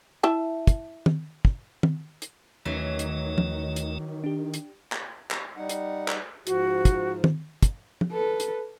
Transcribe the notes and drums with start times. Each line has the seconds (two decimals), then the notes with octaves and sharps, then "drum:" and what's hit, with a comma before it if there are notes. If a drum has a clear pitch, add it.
0.23 E4 E5 A5
0.67 drum: kick, hi-hat
1.06 drum: tom D#3
1.45 drum: kick
1.83 drum: tom D#3
2.22 drum: hi-hat
2.66 D#2 D#3 E3 F#3 A3 C#4 D#5
2.99 drum: hi-hat
3.38 drum: tom
3.76 drum: hi-hat
4.24 D4 G4
4.54 drum: hi-hat
4.92 drum: clap
5.31 drum: clap
5.57 G3 D#4 F#5
5.69 drum: hi-hat
6.08 drum: clap
6.47 G#2 F3 F#4, drum: hi-hat
6.85 drum: kick, hi-hat
7.24 drum: tom D#3
7.63 drum: kick, hi-hat
8.01 drum: tom
8.12 A4 B4
8.40 drum: hi-hat